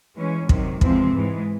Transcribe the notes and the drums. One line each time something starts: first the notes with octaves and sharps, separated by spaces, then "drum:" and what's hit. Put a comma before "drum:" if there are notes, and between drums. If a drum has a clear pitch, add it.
E3 G#3 C#4
C3 D#3 F#3, drum: kick
E2 C3 F3 G#3 C4, drum: kick
G#2 E3 G#3